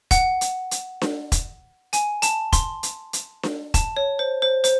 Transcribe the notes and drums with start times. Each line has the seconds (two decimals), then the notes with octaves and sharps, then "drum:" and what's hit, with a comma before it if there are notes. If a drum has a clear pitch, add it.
0.11 F#5, drum: kick E1, hi-hat
0.41 drum: hi-hat
0.71 drum: hi-hat
1.01 drum: snare D4
1.32 drum: kick E1, hi-hat
1.93 G#5, drum: hi-hat
2.22 A5, drum: hi-hat
2.53 C6, drum: kick E1, hi-hat
2.83 drum: hi-hat
3.13 drum: hi-hat
3.43 drum: snare D4
3.74 A5, drum: kick E1, hi-hat
3.96 C#5
4.19 C5
4.42 C5
4.64 C5, drum: hi-hat